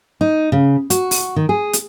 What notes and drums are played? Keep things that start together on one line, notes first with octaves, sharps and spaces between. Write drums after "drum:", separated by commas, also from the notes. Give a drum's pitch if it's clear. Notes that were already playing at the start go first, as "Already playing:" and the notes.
D#4
C#3
F#4, drum: hi-hat
drum: open hi-hat
D#3
G#4
drum: hi-hat